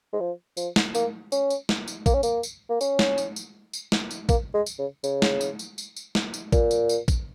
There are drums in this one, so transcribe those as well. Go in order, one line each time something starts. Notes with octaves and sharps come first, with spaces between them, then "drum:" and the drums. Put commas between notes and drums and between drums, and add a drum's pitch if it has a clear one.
G#3
F3
F3, drum: tambourine
drum: snare
A#3, drum: tambourine
C#4, drum: tambourine
drum: tambourine
drum: snare
drum: tambourine
A#3, drum: kick, tambourine
C#4
A#3, drum: tambourine
drum: tambourine
A#3
C#4, drum: tambourine
drum: snare
drum: tambourine
drum: tambourine
drum: tambourine
drum: snare
drum: tambourine
A#3, drum: kick, tambourine
G#3
drum: tambourine
C#3
C#3, drum: tambourine
drum: snare
drum: tambourine
drum: tambourine
drum: tambourine
drum: tambourine
drum: snare
drum: tambourine
A#2, drum: kick, tambourine
drum: tambourine
drum: tambourine
drum: kick, tambourine